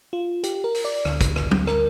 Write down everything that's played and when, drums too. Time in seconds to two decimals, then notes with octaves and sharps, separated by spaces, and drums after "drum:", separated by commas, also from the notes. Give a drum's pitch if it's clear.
0.13 F4
0.44 G4, drum: hi-hat
0.64 A#4
0.75 drum: open hi-hat
0.85 D5
1.05 D2 D3, drum: rim click
1.21 drum: kick, hi-hat
1.36 drum: rim click
1.51 drum: tom F#3
1.67 A#4, drum: rim click